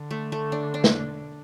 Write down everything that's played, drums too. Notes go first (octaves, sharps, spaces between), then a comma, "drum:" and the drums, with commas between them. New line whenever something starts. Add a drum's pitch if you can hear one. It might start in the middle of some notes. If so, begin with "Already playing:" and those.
Already playing: D3
A3
A3
D4
D4
drum: snare